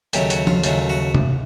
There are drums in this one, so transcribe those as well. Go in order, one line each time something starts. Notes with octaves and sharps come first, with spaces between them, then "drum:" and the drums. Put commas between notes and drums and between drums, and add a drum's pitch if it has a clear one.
D#2 C#3 F#3 A3 G4, drum: hi-hat
F#4, drum: hi-hat
F4, drum: tom F3
D#2 C#3 F#3 A3 F4, drum: hi-hat
F#4
drum: tom C3